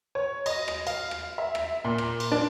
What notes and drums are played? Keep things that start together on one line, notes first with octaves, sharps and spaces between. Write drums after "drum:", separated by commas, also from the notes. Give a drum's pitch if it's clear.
C#5
D#5, drum: cymbal
drum: rim click
F5, drum: cymbal
drum: rim click
E5
drum: rim click
A#2
drum: rim click
drum: cymbal
D4